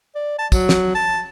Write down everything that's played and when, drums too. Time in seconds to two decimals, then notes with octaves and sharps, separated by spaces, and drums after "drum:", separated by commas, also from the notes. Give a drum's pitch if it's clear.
0.15 D5
0.39 A5
0.52 F#3, drum: kick, tambourine
0.69 drum: snare
0.95 A5